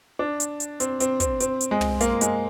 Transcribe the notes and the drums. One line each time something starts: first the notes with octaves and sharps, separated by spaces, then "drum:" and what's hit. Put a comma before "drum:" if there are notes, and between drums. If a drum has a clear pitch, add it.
D4
drum: hi-hat
drum: hi-hat
C4, drum: hi-hat
C4, drum: hi-hat
C4, drum: kick, hi-hat
C4, drum: hi-hat
drum: hi-hat
G#3
drum: tom
A#3, drum: hi-hat
G#3, drum: hi-hat